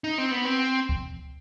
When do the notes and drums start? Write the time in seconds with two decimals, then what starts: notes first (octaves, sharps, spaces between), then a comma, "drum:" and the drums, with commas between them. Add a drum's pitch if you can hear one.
0.04 D#4
0.18 C4
0.31 B3
0.45 C4
0.89 drum: kick C#2